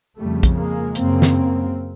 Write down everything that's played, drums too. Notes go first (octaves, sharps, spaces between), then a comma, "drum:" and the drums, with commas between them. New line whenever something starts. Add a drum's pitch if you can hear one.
F2 C#3 G3 A3
drum: kick, hi-hat
G#3 A#3
F#2 C#3 A#3 C4, drum: hi-hat
drum: snare